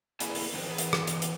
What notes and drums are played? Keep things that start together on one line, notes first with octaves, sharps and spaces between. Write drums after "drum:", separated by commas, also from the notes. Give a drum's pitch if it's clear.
A#3 E4 G#4 E5, drum: hi-hat
drum: open hi-hat
D#3 F3 G#3 C4 D4
E3 G#4 A4
drum: hi-hat
drum: rim click
drum: hi-hat
drum: hi-hat